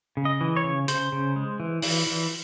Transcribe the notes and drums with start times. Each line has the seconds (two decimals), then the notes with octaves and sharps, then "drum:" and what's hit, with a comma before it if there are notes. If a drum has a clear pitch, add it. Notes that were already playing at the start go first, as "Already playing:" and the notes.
0.17 C#3
0.25 D#5
0.41 E3
0.57 C#5
0.64 C#3
0.88 C#3 C5, drum: hi-hat
1.12 C#3
1.36 G#3
1.60 E3
1.82 E3, drum: open hi-hat
2.07 E3